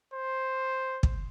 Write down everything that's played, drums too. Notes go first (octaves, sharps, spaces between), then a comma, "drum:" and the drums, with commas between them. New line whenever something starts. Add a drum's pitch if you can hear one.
C5
drum: kick